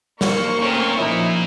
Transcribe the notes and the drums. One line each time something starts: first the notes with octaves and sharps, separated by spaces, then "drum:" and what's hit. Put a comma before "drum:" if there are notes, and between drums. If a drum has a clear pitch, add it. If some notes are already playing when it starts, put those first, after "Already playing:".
A#3 C5 C#6, drum: snare
A#2 A3 C4 C#4
F3 C#4 D#4 E4 E5